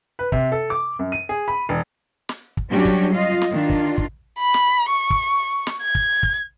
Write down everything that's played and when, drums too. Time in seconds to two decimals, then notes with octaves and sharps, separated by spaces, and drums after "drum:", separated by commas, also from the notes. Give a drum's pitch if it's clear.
0.19 B4
0.32 C3, drum: kick
0.52 A4
0.70 D6
0.99 F#2
1.12 D#7
1.29 G#4
1.48 B5
1.69 E1
2.29 drum: snare
2.57 drum: kick
2.71 F#3 G3 C#4 D4 F#4 G4
2.85 drum: kick
3.14 F4 D#5 F5
3.42 drum: snare
3.53 D#3 D4 F4
3.70 drum: kick
3.98 drum: kick
4.38 B5
4.54 drum: snare
4.89 C#6
5.10 drum: kick
5.67 drum: snare
5.82 G#6
5.95 drum: kick
6.23 drum: kick